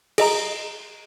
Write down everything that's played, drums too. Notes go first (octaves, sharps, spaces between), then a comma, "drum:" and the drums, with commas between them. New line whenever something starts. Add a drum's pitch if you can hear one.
G#4 D#5 A#5, drum: cymbal